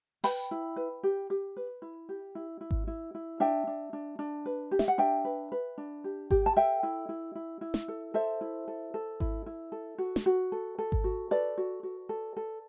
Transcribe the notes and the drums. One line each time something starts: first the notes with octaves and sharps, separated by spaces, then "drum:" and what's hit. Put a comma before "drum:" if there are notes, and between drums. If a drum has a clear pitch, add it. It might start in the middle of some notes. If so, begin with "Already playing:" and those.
B4 G5 B5, drum: open hi-hat
E4
B4
G4
G4
B4
E4
G4
E4
E4
drum: kick G#1
E4
E4
D4 E5 G5
D4
D4
D4
B4
G4
E5, drum: snare
F#5
D4 E5 G5
B4
B4
D4
G4
G4, drum: kick G#1
A5
A4 E5 G5
E4
E4
E4
E4
drum: snare
A4
A4 C5 E5
E4
A4
A4
E4, drum: kick G#1
E4
A4
F#4
drum: snare
F#4
A4
A4
drum: kick G#1
F#4
A4 B4 D5
F#4
F#4
A4
A4